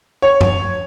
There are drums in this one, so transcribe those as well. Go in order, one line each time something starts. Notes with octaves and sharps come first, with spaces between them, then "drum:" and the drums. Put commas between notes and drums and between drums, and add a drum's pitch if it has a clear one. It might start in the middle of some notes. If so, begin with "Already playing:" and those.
C#5
drum: tom F#2